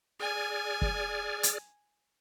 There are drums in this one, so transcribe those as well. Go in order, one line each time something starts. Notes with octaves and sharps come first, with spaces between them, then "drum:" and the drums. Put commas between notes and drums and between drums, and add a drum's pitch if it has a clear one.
G#4 D5 G#5 F6
drum: kick
drum: hi-hat